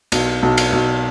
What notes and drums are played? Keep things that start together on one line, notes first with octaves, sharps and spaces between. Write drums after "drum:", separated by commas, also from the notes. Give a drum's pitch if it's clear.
B1, drum: cymbal
B1
drum: cymbal
B1